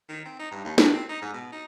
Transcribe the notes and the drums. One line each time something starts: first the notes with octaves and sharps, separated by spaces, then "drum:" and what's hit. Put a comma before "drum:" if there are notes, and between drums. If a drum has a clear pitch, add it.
D#3
C4
D#4
G2
D#2
B2, drum: snare
C4
D#4
G#2
B2
D#4